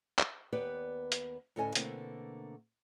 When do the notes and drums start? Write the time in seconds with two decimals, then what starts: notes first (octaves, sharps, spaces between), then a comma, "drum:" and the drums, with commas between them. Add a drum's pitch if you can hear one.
0.19 drum: clap
0.53 D#2 B3 G4 B4 D5
1.12 drum: hi-hat
1.56 D2 A2 C#4 A4 D#5 G#5
1.75 B2 D3 A3 A#3 C4, drum: hi-hat